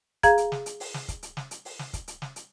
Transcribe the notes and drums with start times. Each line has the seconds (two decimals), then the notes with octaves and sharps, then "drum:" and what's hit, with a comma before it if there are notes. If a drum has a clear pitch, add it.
0.23 G#4 F5 A#5 G#6, drum: kick, hi-hat
0.38 drum: hi-hat
0.52 drum: snare
0.66 drum: hi-hat
0.80 drum: open hi-hat
0.94 drum: snare
1.08 drum: kick, hi-hat
1.23 drum: hi-hat
1.37 drum: snare
1.51 drum: hi-hat
1.65 drum: open hi-hat
1.79 drum: snare
1.93 drum: kick, hi-hat
2.08 drum: hi-hat
2.22 drum: snare
2.36 drum: hi-hat